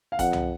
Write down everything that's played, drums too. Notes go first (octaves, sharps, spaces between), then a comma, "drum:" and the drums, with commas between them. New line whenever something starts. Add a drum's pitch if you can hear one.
F5
F2 F#5, drum: kick, hi-hat
drum: tom C2